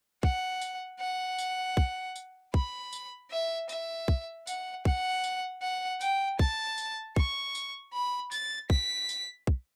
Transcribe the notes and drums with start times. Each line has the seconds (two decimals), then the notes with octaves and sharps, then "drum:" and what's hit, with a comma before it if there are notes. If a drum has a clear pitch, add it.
0.23 F#5, drum: kick
0.61 drum: tambourine
1.00 F#5
1.38 drum: tambourine
1.77 drum: kick
2.15 drum: tambourine
2.54 B5, drum: kick
2.93 drum: tambourine
3.31 E5
3.69 E5, drum: tambourine
4.08 drum: kick
4.47 F#5, drum: tambourine
4.85 F#5, drum: kick
5.24 drum: tambourine
5.62 F#5
6.01 G5, drum: tambourine
6.39 A5, drum: kick
6.78 drum: tambourine
7.16 C#6, drum: kick
7.55 drum: tambourine
7.93 B5
8.32 A6, drum: tambourine
8.70 B6, drum: kick
9.09 drum: tambourine
9.47 drum: kick